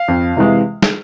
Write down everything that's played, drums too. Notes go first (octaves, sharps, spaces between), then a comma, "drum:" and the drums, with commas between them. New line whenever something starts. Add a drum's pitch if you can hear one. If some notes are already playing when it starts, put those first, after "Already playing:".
Already playing: F5
F2
C3 E3 G#3
drum: snare